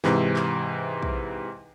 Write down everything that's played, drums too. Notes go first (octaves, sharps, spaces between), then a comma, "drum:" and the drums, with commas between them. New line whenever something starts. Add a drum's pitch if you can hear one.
G#2 C3 E3, drum: snare
drum: clap
drum: kick